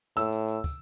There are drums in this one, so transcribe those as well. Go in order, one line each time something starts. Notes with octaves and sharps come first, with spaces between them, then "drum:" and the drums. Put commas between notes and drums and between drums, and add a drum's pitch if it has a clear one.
A2 E6, drum: tambourine
drum: tambourine
drum: tambourine
drum: kick, tambourine